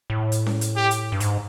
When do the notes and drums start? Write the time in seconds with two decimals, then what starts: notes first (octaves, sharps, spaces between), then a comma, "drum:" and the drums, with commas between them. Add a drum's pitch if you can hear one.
0.10 A2
0.32 drum: hi-hat
0.46 drum: snare C#4
0.61 drum: hi-hat
0.76 G4
0.91 drum: hi-hat
1.12 G2
1.20 G#2, drum: hi-hat